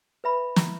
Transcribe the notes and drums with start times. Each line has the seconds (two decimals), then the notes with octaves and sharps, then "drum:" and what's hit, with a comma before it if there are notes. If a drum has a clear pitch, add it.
0.24 B4 E5 B5
0.56 E4, drum: snare